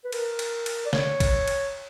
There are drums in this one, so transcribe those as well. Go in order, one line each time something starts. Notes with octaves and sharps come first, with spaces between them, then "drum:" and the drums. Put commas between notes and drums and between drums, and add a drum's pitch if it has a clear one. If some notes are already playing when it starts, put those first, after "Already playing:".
B4
A#4, drum: cymbal
drum: cymbal
drum: cymbal
D5
C#5, drum: snare
drum: kick, cymbal
drum: cymbal